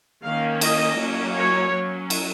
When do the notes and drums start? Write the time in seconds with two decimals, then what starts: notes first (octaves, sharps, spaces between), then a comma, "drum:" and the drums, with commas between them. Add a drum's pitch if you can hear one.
0.23 D#3 A#3 C#4 F5
0.61 D#5, drum: cymbal
0.99 F#3 A#3 C#4
1.36 C#5
1.73 F#3 C#4
2.10 drum: cymbal